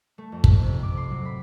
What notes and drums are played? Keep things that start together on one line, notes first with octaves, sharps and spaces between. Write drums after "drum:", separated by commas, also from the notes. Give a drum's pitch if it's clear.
A3
F2
C3, drum: kick
C3
D6
C6
F#3
B5